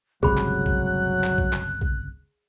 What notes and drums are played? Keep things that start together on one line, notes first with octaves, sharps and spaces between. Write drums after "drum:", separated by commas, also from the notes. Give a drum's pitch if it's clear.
G1 C#2 C3 F#3 G#4 B5 F#6, drum: kick
drum: clap
drum: kick
drum: clap
drum: kick
drum: clap
drum: kick